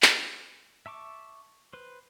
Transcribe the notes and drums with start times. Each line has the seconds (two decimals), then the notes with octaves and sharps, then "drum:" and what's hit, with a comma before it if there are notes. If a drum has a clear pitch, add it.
0.02 drum: clap
0.86 E5 A5 C#6 D6
1.73 B4 C5